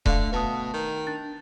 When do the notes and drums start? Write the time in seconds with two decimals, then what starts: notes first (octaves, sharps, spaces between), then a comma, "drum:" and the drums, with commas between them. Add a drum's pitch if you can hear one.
0.06 D3 A3 D5 F5, drum: kick D#1
0.32 B2 B4 A5 D#6
0.74 D#3
1.07 D4 A6